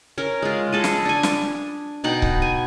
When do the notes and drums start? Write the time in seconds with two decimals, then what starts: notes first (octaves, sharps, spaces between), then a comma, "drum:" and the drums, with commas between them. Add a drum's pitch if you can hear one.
0.18 C#4 A#4
0.42 G#3 F4
0.73 G#4 A4 D#5
0.84 drum: snare
1.05 D4 G#5
1.23 drum: snare
2.04 B2 D#4 F#5 G5
2.22 drum: kick C#1
2.42 G#5